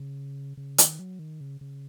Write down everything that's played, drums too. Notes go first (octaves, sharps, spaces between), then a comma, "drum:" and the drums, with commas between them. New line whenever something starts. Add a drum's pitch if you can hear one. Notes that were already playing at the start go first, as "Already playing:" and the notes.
Already playing: C#3
C#3
D#3, drum: hi-hat
F#3
D#3
C#3
C#3